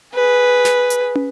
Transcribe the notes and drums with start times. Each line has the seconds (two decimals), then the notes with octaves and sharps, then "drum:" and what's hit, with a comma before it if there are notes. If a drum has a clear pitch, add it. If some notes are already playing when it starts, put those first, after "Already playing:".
0.14 G#4 B4
0.65 drum: snare
0.90 drum: hi-hat
1.15 drum: tom